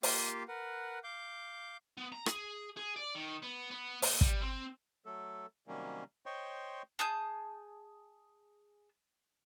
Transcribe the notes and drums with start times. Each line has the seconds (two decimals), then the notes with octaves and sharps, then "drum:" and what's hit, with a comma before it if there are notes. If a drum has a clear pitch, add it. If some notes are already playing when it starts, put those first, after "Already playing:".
0.03 A#3 F4 G4 F5 G5, drum: open hi-hat
0.48 A#4 B4 F#5
1.04 F5 D6 G6
1.97 B3
2.12 A#5
2.26 G#4, drum: rim click
2.77 G#4
2.96 D5
3.15 D#3
3.42 B3
3.71 B3
4.02 A#2, drum: open hi-hat
4.21 G3, drum: kick
4.42 C4
5.06 F#3 A3 A4
5.67 C3 D#3 F#3 G3 A#3 C#4
6.26 C5 C#5 D#5 G5 C6 C#6
6.99 G#4 A5 D#6 G6